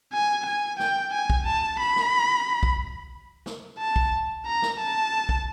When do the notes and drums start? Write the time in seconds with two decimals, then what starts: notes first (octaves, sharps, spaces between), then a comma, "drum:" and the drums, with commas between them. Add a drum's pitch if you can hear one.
0.13 G#5
0.46 G#5
0.79 G5, drum: snare
1.14 G#5
1.30 drum: kick
1.47 A5
1.80 B5
1.96 drum: snare
2.63 drum: kick
3.46 drum: snare
3.79 A5
3.96 drum: kick
4.46 A#5
4.62 drum: snare
4.79 A5
5.29 drum: kick